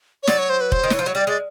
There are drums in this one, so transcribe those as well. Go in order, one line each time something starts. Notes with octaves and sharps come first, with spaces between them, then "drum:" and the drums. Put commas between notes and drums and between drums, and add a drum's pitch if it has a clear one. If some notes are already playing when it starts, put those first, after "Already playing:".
C#5
F#3 D5, drum: snare
C#5
C5
B4
C5, drum: kick
D#3
E3 C#5, drum: snare
F3 C5
F#3 C#5
G3 D5
G#3 D5